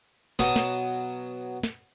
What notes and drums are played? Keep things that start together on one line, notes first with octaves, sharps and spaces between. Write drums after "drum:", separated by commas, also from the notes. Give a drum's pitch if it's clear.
B2 F#3 A5 D#6, drum: snare
drum: snare
drum: snare